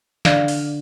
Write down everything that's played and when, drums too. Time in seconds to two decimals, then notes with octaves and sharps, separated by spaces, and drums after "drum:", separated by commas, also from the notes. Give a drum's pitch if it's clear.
0.25 D3 D5 F5, drum: snare
0.48 drum: open hi-hat